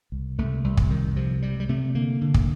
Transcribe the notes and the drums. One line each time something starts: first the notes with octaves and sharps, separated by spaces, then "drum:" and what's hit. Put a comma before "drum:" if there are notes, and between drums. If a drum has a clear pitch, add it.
C2
C2 A3
C2 G3
drum: kick
C2 D#3
C3 F3
C3 G3
G3
C3 A3
D3 A#3
D3
drum: kick